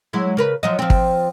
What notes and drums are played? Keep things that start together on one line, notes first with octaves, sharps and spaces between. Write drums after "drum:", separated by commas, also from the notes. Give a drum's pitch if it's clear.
F#3 G#3 E4
C#3 A#4 B4
F3 F#3 D#5
F3 C4
drum: kick